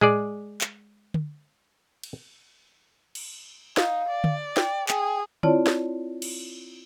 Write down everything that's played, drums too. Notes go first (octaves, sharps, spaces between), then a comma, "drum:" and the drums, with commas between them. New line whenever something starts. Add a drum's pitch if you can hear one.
G#3 G#4 D5, drum: tom A2
drum: clap
drum: tom D3
drum: cymbal
drum: cymbal
D#4 F5, drum: snare
D5
drum: tom D3
G5, drum: snare
G#4 G5, drum: clap
C4 E4 F4 C#5 D5 A5, drum: tom D3
drum: snare
drum: cymbal